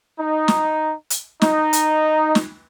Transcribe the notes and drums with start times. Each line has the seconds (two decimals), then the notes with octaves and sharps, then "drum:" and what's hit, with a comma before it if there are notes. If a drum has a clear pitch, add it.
0.19 D#4
0.48 drum: snare
1.10 drum: hi-hat
1.42 D#4, drum: snare
1.73 drum: hi-hat
2.35 drum: snare